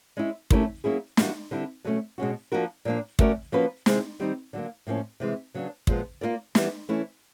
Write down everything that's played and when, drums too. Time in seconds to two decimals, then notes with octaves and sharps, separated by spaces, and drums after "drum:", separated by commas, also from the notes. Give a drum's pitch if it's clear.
0.17 G#3 C#4 E4
0.50 A3 C#4 E4 G4 A#4, drum: kick
0.84 F#3 A#3 C#4 E4 G#4
1.17 E3 G3 A#3 D4 F#4, drum: snare
1.51 D3 G3 C4 E4
1.85 B2 F#3 A3 C#4
2.18 B2 G#3 C#4 F#4
2.52 F3 A#3 D4 F#4 A#4
2.85 A#2 F3 A#3 D4
3.19 A3 C#4 F#4 A#4 D5, drum: kick
3.52 F3 A#3 C#4 F#4 B4
3.86 C3 D#3 G#3 C4 E4, drum: snare
4.20 D#3 G3 C4 D#4
4.53 D3 F#3 A#3
4.87 A2 F3 A#3 C#4
5.20 C3 E3 G#3
5.54 C#3 F#3 B3 D4
5.87 A#2 F3 G#3 B3, drum: kick
6.21 A#3 C#4 F4 A#4 D5
6.55 E3 G3 B3, drum: snare
6.89 E3 A3 C#4 E4